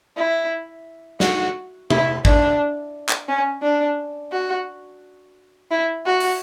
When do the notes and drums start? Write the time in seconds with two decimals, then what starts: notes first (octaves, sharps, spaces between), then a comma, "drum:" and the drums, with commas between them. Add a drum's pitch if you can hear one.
0.17 E4
1.20 F#4, drum: snare
1.90 E4, drum: tom
2.25 D4, drum: kick
3.09 drum: clap
3.28 C#4
3.63 D4
4.32 F#4
5.71 E4
6.06 F#4
6.20 drum: open hi-hat